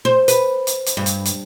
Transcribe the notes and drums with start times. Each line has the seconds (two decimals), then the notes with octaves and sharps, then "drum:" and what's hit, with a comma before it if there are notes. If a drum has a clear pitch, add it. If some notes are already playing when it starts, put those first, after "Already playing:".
0.05 C5
0.28 B4, drum: hi-hat
0.67 drum: hi-hat
0.86 drum: hi-hat
0.97 G2
1.06 drum: hi-hat
1.25 drum: hi-hat